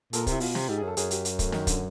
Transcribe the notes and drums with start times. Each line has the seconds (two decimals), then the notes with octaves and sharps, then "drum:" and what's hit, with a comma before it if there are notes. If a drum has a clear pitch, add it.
0.13 A#2 A4, drum: hi-hat
0.22 A#4
0.27 C3 E4, drum: kick, hi-hat
0.40 B2 F4, drum: open hi-hat
0.55 C3, drum: snare
0.69 G#2 G4
0.78 G#4
0.83 F#2 A4
0.97 F#2 G#4, drum: hi-hat
1.11 G4, drum: hi-hat
1.25 drum: hi-hat
1.39 A3, drum: kick, hi-hat
1.52 D#3, drum: snare
1.67 D3, drum: kick, hi-hat